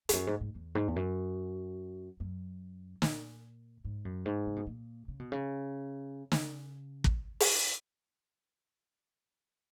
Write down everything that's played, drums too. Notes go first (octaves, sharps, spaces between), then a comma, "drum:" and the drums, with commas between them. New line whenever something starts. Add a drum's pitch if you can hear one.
E2, drum: hi-hat
F#2
G#2
G#2
E2
G#2
E2
F#2
F#2
A#2, drum: snare
G#2
F#2
G#2
C#3
B2
A#2
C#3
B2
C#3
C#3, drum: snare
drum: kick
drum: open hi-hat